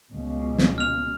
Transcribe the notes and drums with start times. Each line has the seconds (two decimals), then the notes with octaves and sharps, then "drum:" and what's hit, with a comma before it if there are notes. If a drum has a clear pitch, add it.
0.13 C#2 B2
0.58 drum: snare
0.78 F6 F7